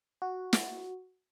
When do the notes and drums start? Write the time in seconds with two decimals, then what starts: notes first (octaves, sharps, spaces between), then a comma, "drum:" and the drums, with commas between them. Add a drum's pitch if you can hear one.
0.22 F#4
0.53 drum: snare